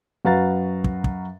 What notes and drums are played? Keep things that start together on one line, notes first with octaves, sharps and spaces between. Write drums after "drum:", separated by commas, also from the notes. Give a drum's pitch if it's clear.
F#2 F#4 B4 F5 A#5 A6
drum: kick
drum: kick